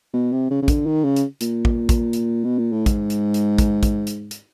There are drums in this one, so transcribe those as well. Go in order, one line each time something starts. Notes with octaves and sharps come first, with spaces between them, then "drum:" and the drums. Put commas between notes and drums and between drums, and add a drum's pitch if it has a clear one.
B2
C3
C#3
C#3
D3, drum: kick, hi-hat
D#3
C#3
drum: hi-hat
A#2, drum: hi-hat
drum: kick
drum: kick, hi-hat
drum: hi-hat
B2
A#2
A2
G#2, drum: kick, hi-hat
drum: hi-hat
drum: hi-hat
drum: kick, hi-hat
drum: kick, hi-hat
drum: hi-hat
drum: hi-hat